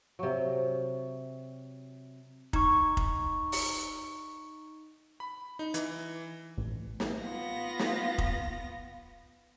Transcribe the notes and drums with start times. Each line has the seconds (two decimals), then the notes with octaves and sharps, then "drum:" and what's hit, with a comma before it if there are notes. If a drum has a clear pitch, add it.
0.19 C3 F#3
2.53 D#4 C#6, drum: kick F1
2.97 drum: kick F1
3.52 drum: open hi-hat
5.20 B5
5.59 D#4
5.74 E3, drum: hi-hat
6.58 A1
7.00 drum: snare
7.21 B3 F4 A#6
7.79 drum: snare
8.18 drum: kick F1